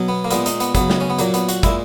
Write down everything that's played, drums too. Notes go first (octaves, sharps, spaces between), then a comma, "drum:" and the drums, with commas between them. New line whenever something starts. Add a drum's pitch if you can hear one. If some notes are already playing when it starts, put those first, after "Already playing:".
Already playing: B2 F#3
B3
A#3
A#2 G#3 B3, drum: hi-hat
D#4, drum: hi-hat
B3, drum: hi-hat
C#3 F#3 B3, drum: kick, hi-hat
drum: snare
C#4
B3
A#2 F#3 A#3, drum: hi-hat
B3, drum: hi-hat
F#4, drum: hi-hat
A#2 G#3 E4, drum: kick, hi-hat